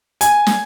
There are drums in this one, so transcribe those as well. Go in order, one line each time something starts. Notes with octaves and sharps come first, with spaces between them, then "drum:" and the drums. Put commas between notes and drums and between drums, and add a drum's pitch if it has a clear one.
G#5, drum: hi-hat
drum: snare